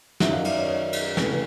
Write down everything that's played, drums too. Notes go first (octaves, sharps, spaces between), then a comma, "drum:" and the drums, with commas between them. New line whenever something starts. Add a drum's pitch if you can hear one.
F#2 D#3 F#3 E5 F#5, drum: snare
D#5 F5
D5 E5, drum: cymbal
C#5 D#5
C#5 D#5
drum: cymbal
C#2 C3 E3 A3, drum: snare